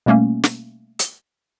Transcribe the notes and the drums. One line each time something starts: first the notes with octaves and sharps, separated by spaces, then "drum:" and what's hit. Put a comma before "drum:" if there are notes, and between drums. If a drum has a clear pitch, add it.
B2 G3 A3 A#3 C#4
drum: snare
drum: hi-hat